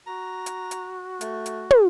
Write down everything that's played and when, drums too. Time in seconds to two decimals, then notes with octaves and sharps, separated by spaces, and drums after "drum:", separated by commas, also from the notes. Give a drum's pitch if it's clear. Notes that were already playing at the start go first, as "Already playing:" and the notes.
0.07 F#4 A#5
0.46 drum: hi-hat
0.71 drum: hi-hat
1.21 A3, drum: hi-hat
1.46 drum: hi-hat
1.71 drum: tom